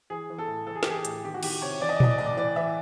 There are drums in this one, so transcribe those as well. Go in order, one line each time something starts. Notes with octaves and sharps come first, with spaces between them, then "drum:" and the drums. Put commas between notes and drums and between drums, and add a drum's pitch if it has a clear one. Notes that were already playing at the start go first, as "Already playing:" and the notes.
E3 G#4
E3
A4
A2
E3 A4
G#4
G4, drum: snare
E3 G#4
A2, drum: hi-hat
D#3 G4
F#4
D#3 G4, drum: cymbal
C3 C#5
E3 D5
D#5
D5
E3 D#5, drum: tom A#2
D5
A2 D#5
D5
E3 D5
E3 E5